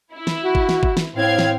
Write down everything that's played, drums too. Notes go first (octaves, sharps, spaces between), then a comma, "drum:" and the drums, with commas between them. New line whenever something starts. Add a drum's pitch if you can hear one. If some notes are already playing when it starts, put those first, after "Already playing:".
E4
drum: snare
F#4
drum: kick
drum: snare
drum: kick
drum: snare
A2 C4 F5 G#6
drum: snare